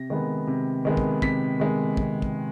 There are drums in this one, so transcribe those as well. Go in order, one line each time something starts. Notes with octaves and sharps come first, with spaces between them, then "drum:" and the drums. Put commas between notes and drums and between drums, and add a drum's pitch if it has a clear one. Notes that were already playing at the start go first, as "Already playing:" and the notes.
Already playing: C3 A#6
D#3 G#3 B3
C3
D#3 G#3 B3
drum: kick
C3 B6, drum: kick
D#3 G#3 B3
C3, drum: kick
drum: kick